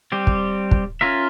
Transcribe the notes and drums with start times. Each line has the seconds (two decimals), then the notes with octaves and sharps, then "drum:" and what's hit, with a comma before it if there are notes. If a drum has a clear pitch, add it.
0.12 G3 C4 G4
0.27 drum: kick
0.71 drum: kick
1.01 C#4 F4 A#4 E5